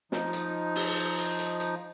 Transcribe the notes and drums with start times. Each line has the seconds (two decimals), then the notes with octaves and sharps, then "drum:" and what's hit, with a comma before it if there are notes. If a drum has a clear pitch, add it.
0.12 F3 D#4, drum: snare
0.33 drum: hi-hat
0.75 drum: open hi-hat
0.97 drum: hi-hat
1.18 drum: hi-hat
1.39 drum: hi-hat
1.60 drum: hi-hat